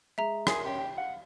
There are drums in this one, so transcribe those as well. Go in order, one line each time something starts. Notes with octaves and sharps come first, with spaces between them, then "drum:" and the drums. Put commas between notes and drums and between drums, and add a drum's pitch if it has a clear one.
G#3 E5 A#5
G#4 A#4 C6, drum: rim click
C#4 G4 C6
G5
F5 F#5